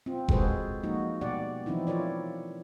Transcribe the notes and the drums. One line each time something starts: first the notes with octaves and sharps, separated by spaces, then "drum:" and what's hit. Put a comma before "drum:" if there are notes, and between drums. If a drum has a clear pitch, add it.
C4 F4
G#3 F#4 G#4 A4 B4 C5, drum: kick F1
F3 G#3 A#3 D#4 F#4
B2 G3 B3 G4 D5 F#5
E3 F3 C4 D#4 E4
E4 F4 A#4 C#5 D5